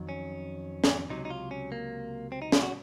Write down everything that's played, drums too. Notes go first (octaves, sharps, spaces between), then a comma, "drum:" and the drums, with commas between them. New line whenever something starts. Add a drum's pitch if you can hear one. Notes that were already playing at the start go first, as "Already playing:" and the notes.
Already playing: F2 D#3 F#3
C#4
drum: snare
C#2 C3 F#3 D#4
D#4
F4
C#4
A#3
C4
D#4
F4, drum: snare
F#4